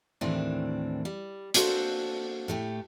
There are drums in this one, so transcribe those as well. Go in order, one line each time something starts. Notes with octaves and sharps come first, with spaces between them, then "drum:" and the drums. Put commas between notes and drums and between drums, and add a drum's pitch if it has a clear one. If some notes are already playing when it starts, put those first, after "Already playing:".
D#2 A2 D#3 E3 C4 D4
G3
A#3 D4 F#4 A4 C5, drum: hi-hat
A2 A3 G4